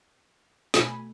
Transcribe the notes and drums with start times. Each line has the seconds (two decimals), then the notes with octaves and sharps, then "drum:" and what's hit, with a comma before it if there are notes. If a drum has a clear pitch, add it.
0.74 B2 A3 G#5 B5, drum: snare